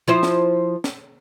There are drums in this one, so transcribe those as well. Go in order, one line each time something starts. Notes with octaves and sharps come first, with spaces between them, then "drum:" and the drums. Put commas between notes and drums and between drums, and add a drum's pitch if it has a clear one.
F3 E4 C5
drum: snare
drum: snare